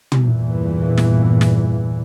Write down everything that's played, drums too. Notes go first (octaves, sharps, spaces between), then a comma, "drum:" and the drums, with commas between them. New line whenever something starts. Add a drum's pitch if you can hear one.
drum: tom
E2 G2 A#2 E3
drum: snare
drum: snare